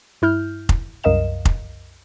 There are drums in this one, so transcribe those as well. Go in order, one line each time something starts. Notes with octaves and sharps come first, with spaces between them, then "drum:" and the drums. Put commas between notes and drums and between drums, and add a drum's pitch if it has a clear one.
G2 E4 F6 G6
drum: kick F1
C2 F#2 A#4 D#5 F5 E7
drum: kick F1